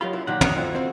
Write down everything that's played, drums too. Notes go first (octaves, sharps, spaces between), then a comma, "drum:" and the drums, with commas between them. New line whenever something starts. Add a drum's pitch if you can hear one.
D#3 F#3 F4 G4 B5
F#2 E4
A#2 D#3 F#3 D#4 F4 G4 F#5
D4 D#4 G#4 C#5 F#6, drum: tom
F2 A3 E4 F#4
C4 C5 F5